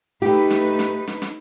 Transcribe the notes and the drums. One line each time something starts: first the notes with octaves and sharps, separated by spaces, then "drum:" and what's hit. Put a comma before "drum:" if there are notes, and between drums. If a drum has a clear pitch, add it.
A3 D#4 G4 B4
drum: snare
drum: snare
drum: snare
drum: snare